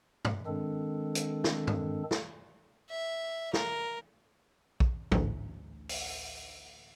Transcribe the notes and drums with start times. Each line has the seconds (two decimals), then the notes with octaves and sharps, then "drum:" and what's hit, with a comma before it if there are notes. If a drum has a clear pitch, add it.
0.25 drum: tom G2
0.47 D#3 G#3 C4 D4 A4
1.15 drum: hi-hat
1.44 drum: snare
1.67 drum: tom G2
2.11 drum: snare
2.90 E5
3.53 A#4, drum: snare
4.80 drum: kick A#1
5.12 A1 D2, drum: tom
5.89 drum: open hi-hat